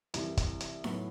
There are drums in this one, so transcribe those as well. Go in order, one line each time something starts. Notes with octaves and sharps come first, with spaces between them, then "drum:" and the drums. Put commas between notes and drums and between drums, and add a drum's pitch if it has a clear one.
C2 C3 E3, drum: hi-hat
drum: kick, hi-hat
drum: hi-hat
A2 F#3 B3, drum: snare D#4